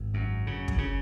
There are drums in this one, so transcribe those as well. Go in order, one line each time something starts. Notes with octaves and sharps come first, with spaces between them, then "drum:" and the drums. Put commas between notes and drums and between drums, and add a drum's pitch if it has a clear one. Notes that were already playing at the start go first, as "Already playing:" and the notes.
Already playing: G#1
F#2
C#3
drum: kick
C#3